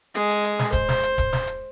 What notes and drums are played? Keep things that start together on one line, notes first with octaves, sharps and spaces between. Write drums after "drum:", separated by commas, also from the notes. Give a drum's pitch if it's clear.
G#3 G#4, drum: hi-hat
drum: hi-hat
drum: hi-hat
drum: snare
C5, drum: kick, hi-hat
drum: snare
drum: hi-hat
drum: kick, hi-hat
drum: snare
drum: hi-hat